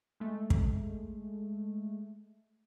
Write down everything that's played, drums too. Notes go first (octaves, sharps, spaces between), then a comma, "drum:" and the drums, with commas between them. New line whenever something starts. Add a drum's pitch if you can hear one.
G#3 A3
drum: kick